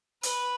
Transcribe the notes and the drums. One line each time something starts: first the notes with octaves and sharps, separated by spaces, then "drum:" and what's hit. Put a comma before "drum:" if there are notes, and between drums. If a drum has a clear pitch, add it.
B4, drum: hi-hat